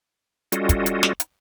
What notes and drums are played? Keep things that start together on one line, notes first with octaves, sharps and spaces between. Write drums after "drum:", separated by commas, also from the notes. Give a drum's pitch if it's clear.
G3 C#4 F4 F#4 A4 D#5, drum: hi-hat
drum: kick, hi-hat
drum: hi-hat
drum: snare
drum: hi-hat